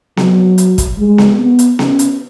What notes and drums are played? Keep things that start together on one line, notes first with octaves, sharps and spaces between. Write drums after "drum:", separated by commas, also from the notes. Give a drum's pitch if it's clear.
F#3, drum: snare B3
drum: hi-hat
drum: kick, hi-hat
G#3
drum: snare B3
B3
drum: hi-hat
C#4, drum: snare B3
drum: hi-hat